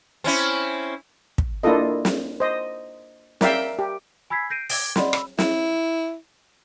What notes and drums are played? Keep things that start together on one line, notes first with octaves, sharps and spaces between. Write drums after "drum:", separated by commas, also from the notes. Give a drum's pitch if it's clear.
C4 C#4 E4
drum: kick
A#3 D4 E4 F4 A4 D#5
drum: snare
C5 D#5
A#4 D5 E5 F5 G5, drum: snare
G4
G#5 B5 E6 G#6 B6 C7
G6 A#6 C7 D7 D#7
D6 G#6 D7, drum: open hi-hat
D5 D#5 F#5 B5 C6, drum: snare
B5 E6, drum: rim click
E4, drum: snare